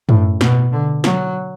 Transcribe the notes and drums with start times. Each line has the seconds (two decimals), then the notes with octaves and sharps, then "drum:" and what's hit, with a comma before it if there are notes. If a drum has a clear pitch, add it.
0.09 A2, drum: tom
0.41 B2, drum: snare
0.72 D3
1.04 F#3, drum: snare